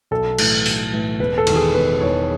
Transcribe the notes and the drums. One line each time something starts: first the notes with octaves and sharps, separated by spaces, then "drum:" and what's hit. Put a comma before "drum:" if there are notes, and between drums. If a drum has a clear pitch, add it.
B1 A4
A2 E3, drum: cymbal
B1, drum: open hi-hat
A2 E3
E1 B4
A4
E2 D#3, drum: cymbal
G#4
E1 B4
E2 D#3 C#5